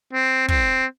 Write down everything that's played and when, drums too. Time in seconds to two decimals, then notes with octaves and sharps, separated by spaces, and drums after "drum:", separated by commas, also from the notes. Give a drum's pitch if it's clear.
0.13 C4
0.48 C4, drum: kick